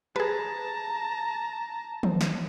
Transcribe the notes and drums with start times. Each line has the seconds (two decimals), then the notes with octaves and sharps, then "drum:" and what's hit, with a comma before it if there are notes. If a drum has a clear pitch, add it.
0.16 G#4 B4 A5 A#5, drum: rim click
2.03 drum: tom
2.21 drum: snare